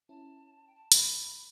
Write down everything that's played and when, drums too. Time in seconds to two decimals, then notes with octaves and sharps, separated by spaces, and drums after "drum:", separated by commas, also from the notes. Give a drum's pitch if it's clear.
0.09 C#4 E4 A5
0.67 G5
0.75 A5
0.92 B5, drum: hi-hat